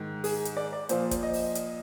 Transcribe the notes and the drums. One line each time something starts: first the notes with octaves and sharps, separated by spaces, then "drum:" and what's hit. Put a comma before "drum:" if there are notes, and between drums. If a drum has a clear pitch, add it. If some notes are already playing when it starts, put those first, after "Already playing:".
Already playing: G#2 D#3
G#4, drum: open hi-hat
drum: hi-hat
D5
D5
A#2 F3 C5, drum: hi-hat
drum: kick, hi-hat
D#5
drum: open hi-hat
drum: hi-hat